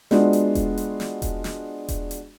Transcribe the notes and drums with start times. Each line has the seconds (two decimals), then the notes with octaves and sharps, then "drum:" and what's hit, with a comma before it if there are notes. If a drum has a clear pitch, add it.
0.11 G#3 B3 D4 F4 F#4, drum: snare
0.33 drum: hi-hat
0.55 drum: kick E1, hi-hat
0.78 drum: hi-hat
1.00 drum: snare
1.22 drum: kick E1, hi-hat
1.44 drum: snare
1.89 drum: kick E1, hi-hat
2.11 drum: hi-hat